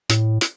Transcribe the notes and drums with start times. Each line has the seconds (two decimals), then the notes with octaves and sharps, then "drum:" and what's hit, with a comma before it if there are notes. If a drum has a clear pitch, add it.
0.09 A2, drum: hi-hat
0.41 drum: hi-hat